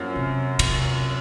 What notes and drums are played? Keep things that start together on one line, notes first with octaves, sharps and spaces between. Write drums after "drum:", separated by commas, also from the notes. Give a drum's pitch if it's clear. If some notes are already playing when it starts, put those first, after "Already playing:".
Already playing: F#2 F3 A#3 C#4 F#4
C3
C3, drum: cymbal